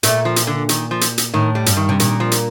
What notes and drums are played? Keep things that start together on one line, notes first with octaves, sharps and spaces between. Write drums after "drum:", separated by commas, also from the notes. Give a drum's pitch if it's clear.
A#2 A3, drum: hi-hat
F3
drum: hi-hat
D3
D#3, drum: hi-hat
F3
drum: hi-hat
drum: hi-hat
A2 D#3
G3
G2, drum: hi-hat
D#3
C3
A#2 D#3, drum: hi-hat
F3
drum: hi-hat